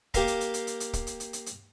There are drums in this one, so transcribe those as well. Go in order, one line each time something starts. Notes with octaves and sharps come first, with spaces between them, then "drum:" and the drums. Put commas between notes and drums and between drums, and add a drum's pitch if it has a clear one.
A#3 G4 A#4 F5 A#5, drum: kick, hi-hat
drum: hi-hat
drum: hi-hat
drum: hi-hat
drum: hi-hat
drum: hi-hat
drum: kick, hi-hat
drum: hi-hat
drum: hi-hat
drum: hi-hat
drum: hi-hat